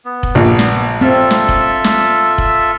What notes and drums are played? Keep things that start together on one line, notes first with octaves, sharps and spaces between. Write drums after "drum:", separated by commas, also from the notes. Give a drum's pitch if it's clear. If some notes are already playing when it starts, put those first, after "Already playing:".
B3
drum: kick F1
A#1
drum: snare
C4 F4 A4 E5
drum: snare
drum: kick F1
drum: snare
drum: kick F1